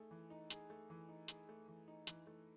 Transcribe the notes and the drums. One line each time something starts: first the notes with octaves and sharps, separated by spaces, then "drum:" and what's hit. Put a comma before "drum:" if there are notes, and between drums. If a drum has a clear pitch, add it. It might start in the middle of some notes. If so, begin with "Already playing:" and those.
Already playing: A3 D#4 G#4
E3
D#4
G#4, drum: hi-hat
A3
E3
D#4
G#4, drum: hi-hat
A3
E3
D#4
E3, drum: hi-hat
A3